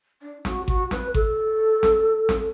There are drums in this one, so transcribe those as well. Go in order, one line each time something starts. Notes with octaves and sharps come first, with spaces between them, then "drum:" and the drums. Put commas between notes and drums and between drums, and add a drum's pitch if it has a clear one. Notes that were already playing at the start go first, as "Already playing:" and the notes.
D4
F#4, drum: snare
F#4, drum: kick G#1
B4, drum: snare
A4, drum: kick G#1
drum: snare
drum: snare